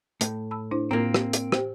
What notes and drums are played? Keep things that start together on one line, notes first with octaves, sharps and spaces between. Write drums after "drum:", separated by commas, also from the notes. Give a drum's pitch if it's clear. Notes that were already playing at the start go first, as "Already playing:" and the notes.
A2, drum: hi-hat
A5 B5 E6
D4 E4 C5
A2 A#3 C4 F4 A#4
drum: rim click
drum: hi-hat
G4 C5 G5, drum: rim click